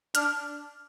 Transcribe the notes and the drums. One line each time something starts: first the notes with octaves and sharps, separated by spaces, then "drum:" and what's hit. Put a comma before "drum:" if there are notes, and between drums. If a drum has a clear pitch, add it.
D4 F6, drum: hi-hat